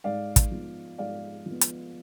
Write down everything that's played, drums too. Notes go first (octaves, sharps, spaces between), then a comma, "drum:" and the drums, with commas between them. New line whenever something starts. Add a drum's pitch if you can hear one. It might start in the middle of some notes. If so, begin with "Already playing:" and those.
G#2 D5 F5
drum: kick, hi-hat
F3 B3
G#2 D5 F5
F3 B3
drum: hi-hat